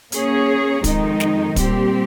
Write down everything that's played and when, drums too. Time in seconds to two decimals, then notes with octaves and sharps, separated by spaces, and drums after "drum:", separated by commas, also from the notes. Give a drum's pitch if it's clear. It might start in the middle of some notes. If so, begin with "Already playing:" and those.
0.12 A#3 C#4 G#4 C#5, drum: hi-hat
0.84 F2 D#3 G#3 D#4, drum: kick, hi-hat
1.20 drum: snare
1.56 A#2 G3 C4 G4, drum: kick, hi-hat